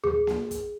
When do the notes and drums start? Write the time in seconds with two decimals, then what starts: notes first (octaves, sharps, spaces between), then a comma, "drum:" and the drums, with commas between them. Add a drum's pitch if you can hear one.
0.04 G#4, drum: tom D2
0.27 drum: snare A#3
0.51 drum: kick, hi-hat